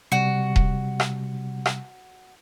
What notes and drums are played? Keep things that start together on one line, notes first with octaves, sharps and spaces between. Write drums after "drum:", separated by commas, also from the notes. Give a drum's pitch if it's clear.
C3 G3 F#4
drum: kick D#1
drum: rim click
drum: rim click